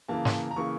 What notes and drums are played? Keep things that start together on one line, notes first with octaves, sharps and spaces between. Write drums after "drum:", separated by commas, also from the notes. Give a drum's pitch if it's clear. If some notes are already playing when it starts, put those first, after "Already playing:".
C#3 E3 A#3 A5
drum: snare
A#5
C#3 E3 A#3 C#6